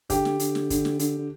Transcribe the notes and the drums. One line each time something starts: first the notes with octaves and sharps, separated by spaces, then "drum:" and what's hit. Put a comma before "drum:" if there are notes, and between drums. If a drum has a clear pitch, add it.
D3 G4 G5, drum: kick, hi-hat
drum: snare
D3, drum: hi-hat
drum: snare
D3, drum: kick, hi-hat
drum: snare
D3, drum: hi-hat
D3